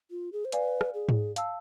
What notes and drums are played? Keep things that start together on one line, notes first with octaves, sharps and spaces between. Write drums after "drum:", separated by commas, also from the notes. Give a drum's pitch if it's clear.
F4
G#4
C5
B4 D5 F5 G#5, drum: hi-hat
drum: rim click
G#4
drum: tom G#2
F5 A5 E6, drum: hi-hat